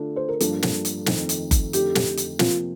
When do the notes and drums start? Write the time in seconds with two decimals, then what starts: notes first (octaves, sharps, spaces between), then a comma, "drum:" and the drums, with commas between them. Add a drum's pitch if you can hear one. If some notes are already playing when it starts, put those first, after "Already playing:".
Already playing: D3 A3 D4 F4 A4
0.16 C5
0.28 A#4
0.40 G2 F3 A#3 D4 F4 A4, drum: hi-hat
0.63 drum: snare
0.85 drum: hi-hat
1.06 F2 D#3 A3, drum: snare
1.29 drum: hi-hat
1.51 drum: kick F#1, hi-hat
1.73 F2 D3 A3 D#4 G4, drum: hi-hat
1.95 drum: snare
2.17 drum: hi-hat
2.39 C3 F3 A#3 F4, drum: snare